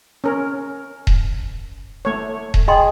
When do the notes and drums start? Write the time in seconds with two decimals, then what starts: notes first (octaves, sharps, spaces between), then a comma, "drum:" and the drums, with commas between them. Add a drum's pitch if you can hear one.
0.24 C#4 A#4
1.07 drum: kick D#1
2.05 A3 C#5
2.54 drum: kick D#1
2.68 G#4 D#5 G5 C6